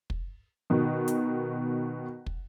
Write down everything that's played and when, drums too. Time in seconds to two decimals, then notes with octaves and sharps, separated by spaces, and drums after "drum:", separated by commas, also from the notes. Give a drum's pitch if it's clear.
0.10 drum: kick
0.70 B2 D#3
1.08 drum: hi-hat
2.26 drum: kick